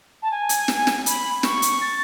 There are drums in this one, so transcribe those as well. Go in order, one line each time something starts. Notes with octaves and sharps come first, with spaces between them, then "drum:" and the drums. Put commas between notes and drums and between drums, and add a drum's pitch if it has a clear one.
A5
G#5
drum: hi-hat
drum: snare
drum: snare
B5, drum: hi-hat
B5
C#6, drum: snare
drum: hi-hat
A6